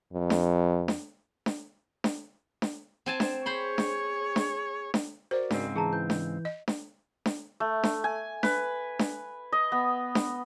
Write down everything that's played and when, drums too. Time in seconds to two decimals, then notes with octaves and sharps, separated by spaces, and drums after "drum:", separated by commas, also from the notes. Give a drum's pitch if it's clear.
0.13 F2
0.30 drum: snare D4
0.88 drum: snare D4
1.46 drum: snare D4
2.04 drum: snare D4
2.62 drum: snare D4
3.06 C4 G#5 A5
3.20 drum: snare D4
3.46 G#4 C5 C#5 B5 C6
3.78 drum: snare D4
4.36 drum: snare D4
4.94 drum: snare D4
5.31 F#4 A#4 C5 D5
5.51 G#2 C#3 C4, drum: snare D4
5.76 E3 G#4 A5 A#5
5.93 E3 G6
6.10 drum: snare D4
6.45 D#5
6.68 drum: snare D4
7.26 drum: snare D4
7.60 A3
7.83 drum: snare D4
8.04 G#5
8.43 B4, drum: snare D4
8.99 drum: snare D4
9.52 D#5
9.72 B3
10.15 drum: snare D4